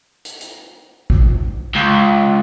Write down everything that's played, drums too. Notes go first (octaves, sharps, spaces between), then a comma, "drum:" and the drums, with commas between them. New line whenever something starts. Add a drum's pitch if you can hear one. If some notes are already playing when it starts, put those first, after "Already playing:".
drum: hi-hat
drum: hi-hat
drum: kick G#1
C#2